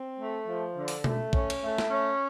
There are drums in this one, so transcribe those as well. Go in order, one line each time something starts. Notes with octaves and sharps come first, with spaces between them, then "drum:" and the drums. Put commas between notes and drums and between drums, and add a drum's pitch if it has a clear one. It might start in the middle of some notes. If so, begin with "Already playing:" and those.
Already playing: C4
A3
F3
D3
drum: open hi-hat
A3, drum: tom B2
C#4, drum: kick
drum: cymbal
A3
drum: snare
C#4